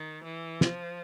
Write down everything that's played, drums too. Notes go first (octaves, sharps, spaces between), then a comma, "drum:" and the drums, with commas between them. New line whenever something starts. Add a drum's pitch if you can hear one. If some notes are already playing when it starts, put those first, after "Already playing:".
Already playing: D#3
E3
F3, drum: snare